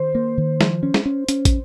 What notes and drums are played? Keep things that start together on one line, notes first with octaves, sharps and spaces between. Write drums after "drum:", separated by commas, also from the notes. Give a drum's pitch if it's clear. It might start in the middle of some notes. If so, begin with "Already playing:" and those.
Already playing: D#3 C5
A#3
D#3
F3, drum: snare
C#4
drum: snare
C#4
C#4, drum: hi-hat
drum: kick, hi-hat